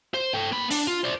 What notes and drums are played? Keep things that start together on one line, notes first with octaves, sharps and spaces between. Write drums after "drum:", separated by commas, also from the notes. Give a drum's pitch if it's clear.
C5
A4 G5
A#3 B5
D4, drum: open hi-hat
F4
C5 D5